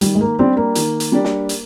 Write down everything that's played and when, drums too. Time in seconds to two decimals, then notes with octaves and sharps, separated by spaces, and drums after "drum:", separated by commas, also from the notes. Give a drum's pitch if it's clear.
0.01 D#3 G3, drum: hi-hat
0.15 G#3
0.21 A#3
0.39 G3 C4 D4 G4 D5
0.57 A#3
0.75 D#3, drum: hi-hat
1.00 drum: hi-hat
1.12 G3 D4 G4 D5
1.25 drum: snare
1.49 drum: hi-hat